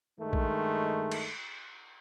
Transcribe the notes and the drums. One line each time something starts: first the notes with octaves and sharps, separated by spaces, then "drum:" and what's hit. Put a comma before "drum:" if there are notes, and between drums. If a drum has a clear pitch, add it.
G2 D#3 G#3 A3
drum: kick
drum: cymbal